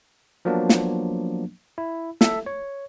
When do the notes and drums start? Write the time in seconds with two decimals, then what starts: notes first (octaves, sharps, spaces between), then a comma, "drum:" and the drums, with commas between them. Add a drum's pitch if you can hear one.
0.45 F3 F#3 A#3 B3 D4
0.69 drum: snare
1.78 E4
2.21 A4 E5, drum: snare
2.46 C#5